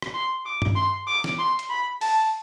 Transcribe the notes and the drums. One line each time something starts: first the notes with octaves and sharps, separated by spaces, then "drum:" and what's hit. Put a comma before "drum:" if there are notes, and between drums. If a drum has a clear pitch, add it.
drum: rim click
C6
D6
drum: tom G2
C6
D6
drum: snare
C6
drum: hi-hat
B5
A5, drum: open hi-hat